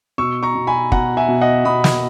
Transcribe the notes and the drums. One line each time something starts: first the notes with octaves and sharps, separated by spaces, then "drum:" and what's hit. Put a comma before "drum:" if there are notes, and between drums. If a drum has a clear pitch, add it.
B2 C#6 E6
A#5 C#6
B2
G#5 B5
B2 F#5 A#5, drum: kick
E5 G#5
B2
D#5 F#5
B2 B5 D#6
drum: snare